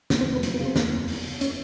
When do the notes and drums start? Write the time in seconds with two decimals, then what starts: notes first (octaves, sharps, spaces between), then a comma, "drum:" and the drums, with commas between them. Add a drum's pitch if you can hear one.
0.10 E2 C#4, drum: snare
0.21 C4
0.26 F1
0.32 B3
0.43 F#3 C4, drum: hi-hat
0.54 B3
0.59 C#3
0.65 C4
0.76 E2, drum: snare
0.92 F#1
1.08 F#1, drum: open hi-hat
1.25 C#3
1.41 C#4, drum: hi-hat